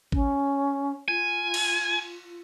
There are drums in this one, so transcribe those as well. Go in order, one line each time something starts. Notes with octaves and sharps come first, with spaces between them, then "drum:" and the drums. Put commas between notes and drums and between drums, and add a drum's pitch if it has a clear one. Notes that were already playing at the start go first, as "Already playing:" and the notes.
C#4, drum: kick G#1
F4 G#5
drum: cymbal